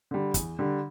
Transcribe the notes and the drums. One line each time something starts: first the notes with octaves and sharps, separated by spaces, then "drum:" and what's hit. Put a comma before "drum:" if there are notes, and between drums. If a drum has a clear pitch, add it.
D3 G3
E2, drum: kick, hi-hat
D3 G3